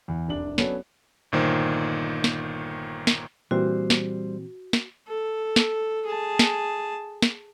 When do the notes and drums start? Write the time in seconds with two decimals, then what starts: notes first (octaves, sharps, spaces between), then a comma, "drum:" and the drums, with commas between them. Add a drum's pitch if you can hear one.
0.08 E2
0.28 F1 C2 D4 F#7
0.58 F#3 B3 C#4 D4 A4 C#5, drum: snare
1.32 G1 A#2 D#3 C5
2.24 drum: snare
3.07 drum: snare
3.51 A#2 E3 G3 C4 F#4 C5
3.90 drum: snare
4.73 drum: snare
5.08 A4
5.56 drum: snare
6.06 G#4 A5
6.39 drum: snare
7.22 drum: snare